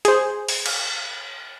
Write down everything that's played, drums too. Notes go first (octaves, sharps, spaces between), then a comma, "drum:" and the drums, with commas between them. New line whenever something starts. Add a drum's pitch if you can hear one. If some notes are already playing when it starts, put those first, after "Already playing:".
G#4 C5, drum: hi-hat
drum: open hi-hat
drum: cymbal